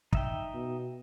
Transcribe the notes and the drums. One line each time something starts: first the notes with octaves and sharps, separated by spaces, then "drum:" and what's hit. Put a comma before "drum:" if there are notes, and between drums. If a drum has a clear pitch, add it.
D#4 E5 G5, drum: kick
B2